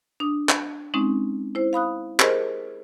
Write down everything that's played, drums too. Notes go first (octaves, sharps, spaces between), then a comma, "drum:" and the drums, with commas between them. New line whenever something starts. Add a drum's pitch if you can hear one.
D4 D#6
drum: clap
G#3 C4 C#4 D#4
E4 C5
F5 B5 D#6 F#6
G4 G#4 A#4 C5 D#5, drum: clap